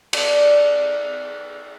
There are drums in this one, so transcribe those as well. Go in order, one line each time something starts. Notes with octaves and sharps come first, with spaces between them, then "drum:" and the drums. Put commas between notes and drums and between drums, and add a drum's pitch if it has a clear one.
A4 D5, drum: cymbal